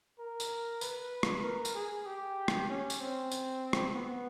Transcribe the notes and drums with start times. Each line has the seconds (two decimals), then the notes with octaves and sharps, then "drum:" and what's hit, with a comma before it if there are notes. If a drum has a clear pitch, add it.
0.19 A#4
0.40 drum: tambourine
0.81 B4, drum: tambourine
1.23 drum: rim click
1.44 A#4
1.65 drum: tambourine
1.75 G#4
2.06 G4
2.48 drum: rim click
2.70 C#4
2.90 drum: tambourine
3.00 C4
3.32 drum: tambourine
3.73 drum: rim click
3.94 B3